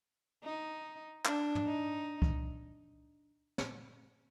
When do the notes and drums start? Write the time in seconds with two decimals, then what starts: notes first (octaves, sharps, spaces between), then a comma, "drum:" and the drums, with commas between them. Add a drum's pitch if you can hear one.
0.44 D#4
1.25 D4, drum: clap
1.55 drum: tom G#2
1.66 D#4
2.22 drum: kick C2
3.58 drum: snare